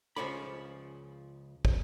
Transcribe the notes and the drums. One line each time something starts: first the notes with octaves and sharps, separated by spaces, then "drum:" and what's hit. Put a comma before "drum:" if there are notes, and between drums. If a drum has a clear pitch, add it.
C#2 C#3 F3 C#5 D5 B5
drum: kick